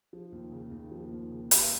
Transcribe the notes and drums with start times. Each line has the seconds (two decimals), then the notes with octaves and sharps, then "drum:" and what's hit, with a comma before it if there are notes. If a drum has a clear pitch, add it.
0.13 F3
0.32 D#2
0.52 C#3
0.71 D#2
0.92 F3
1.11 D#2
1.31 C#3
1.51 D#2, drum: hi-hat
1.59 B4